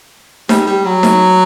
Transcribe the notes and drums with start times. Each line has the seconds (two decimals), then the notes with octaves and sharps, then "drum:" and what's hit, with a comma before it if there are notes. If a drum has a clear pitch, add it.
0.49 G3, drum: snare D#4
0.67 G3
0.85 F#3
1.03 drum: snare D#4